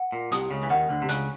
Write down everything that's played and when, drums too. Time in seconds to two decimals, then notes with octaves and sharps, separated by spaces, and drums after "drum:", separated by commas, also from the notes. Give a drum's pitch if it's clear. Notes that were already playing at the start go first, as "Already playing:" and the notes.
Already playing: F#5
0.12 A#2
0.32 C2 C3 D#6, drum: hi-hat
0.51 C#2 C#3
0.63 E3
0.70 D#2 D#3 F#5
0.89 D2 D3
1.02 C3
1.09 C#2 C#3 F#6, drum: hi-hat